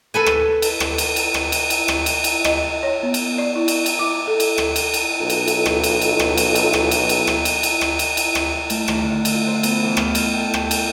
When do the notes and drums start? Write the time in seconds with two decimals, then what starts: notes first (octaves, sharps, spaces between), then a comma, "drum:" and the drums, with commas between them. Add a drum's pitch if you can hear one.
0.14 A4 B4 G#5
0.26 drum: rim click
0.62 drum: cymbal
0.80 drum: rim click
0.98 drum: cymbal
1.16 drum: cymbal
1.34 drum: rim click
1.52 drum: cymbal
1.70 drum: cymbal
1.88 drum: rim click
2.06 drum: cymbal
2.24 drum: cymbal
2.44 D#5, drum: rim click
2.83 C#5
3.03 B3
3.14 drum: cymbal
3.38 D5
3.55 E4
3.68 drum: cymbal
3.86 drum: cymbal
3.99 D6
4.27 A4
4.40 drum: cymbal
4.58 drum: rim click
4.76 drum: cymbal
4.94 drum: cymbal
5.20 B1 F4 A4
5.30 drum: cymbal
5.48 drum: cymbal
5.66 drum: rim click
5.84 drum: cymbal
6.01 drum: cymbal
6.19 drum: rim click
6.37 drum: cymbal
6.55 drum: cymbal
6.73 drum: rim click
6.91 drum: cymbal
7.09 drum: cymbal
7.27 drum: rim click
7.45 drum: cymbal
7.63 drum: cymbal
7.81 drum: rim click
7.99 drum: cymbal
8.17 drum: cymbal
8.35 drum: rim click
8.70 A3, drum: cymbal
8.88 D#3, drum: rim click
9.03 D3
9.25 drum: cymbal
9.34 F4
9.47 C5
9.63 B3, drum: cymbal
9.83 E2
9.97 F6, drum: rim click
10.15 G5, drum: cymbal
10.39 A4
10.54 G5, drum: rim click
10.71 G#5, drum: cymbal